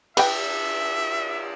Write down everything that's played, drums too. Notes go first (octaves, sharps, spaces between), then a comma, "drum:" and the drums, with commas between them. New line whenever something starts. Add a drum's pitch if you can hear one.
B4 E5 G5, drum: cymbal